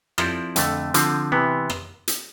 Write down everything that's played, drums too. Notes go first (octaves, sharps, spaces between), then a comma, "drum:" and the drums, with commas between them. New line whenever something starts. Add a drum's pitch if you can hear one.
F3 C4 E4 A4 D5, drum: rim click
F2 D3 A3, drum: hi-hat
D3 F3 C4, drum: hi-hat
C3 E3 B3
drum: rim click
drum: hi-hat